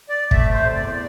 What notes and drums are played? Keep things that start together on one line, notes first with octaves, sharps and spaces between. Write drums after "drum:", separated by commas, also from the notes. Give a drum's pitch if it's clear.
D5
C3 A3 E5, drum: kick
C5
E2 D5